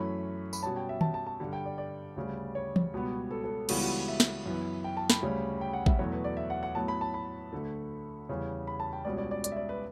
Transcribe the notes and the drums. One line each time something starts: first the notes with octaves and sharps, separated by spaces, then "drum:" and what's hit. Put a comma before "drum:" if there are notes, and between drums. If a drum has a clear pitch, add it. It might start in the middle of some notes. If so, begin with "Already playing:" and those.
Already playing: F#2 E3 A3 C#4 B5
B5, drum: tambourine
B2 G3 C#4 A5
G5
E5
A5, drum: tom
A5
A5
G2 D3 G3
G5
D5
D5
D2 C#3 G3
C#5
drum: tom E3
C#2 B2 G3 B3
A4
A4
C#2 C#3 E3 G3 B3 F#4, drum: cymbal
F#4
E5
drum: snare
F#2 E3 B3
G5
A5
B5, drum: snare
D2 C#3 G3 C#4
G5
F#5
E5, drum: kick A1
E2 B2 F#3 A3 C#5
B4
D5
E5
F#5
F#5
A2 F#3 B3 A5
B5
A5
B5
D2 D3 A3
E2 C#3 G3 C#4
B5
A5
G5
C#2 B2 G3 C#4 D5
D5
D5
D5, drum: hi-hat
E5
D5
B4